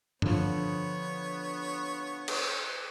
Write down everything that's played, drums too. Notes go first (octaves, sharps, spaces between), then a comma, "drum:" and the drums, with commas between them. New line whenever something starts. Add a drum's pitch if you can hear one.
D3 F3 B3 C#5, drum: tom
drum: cymbal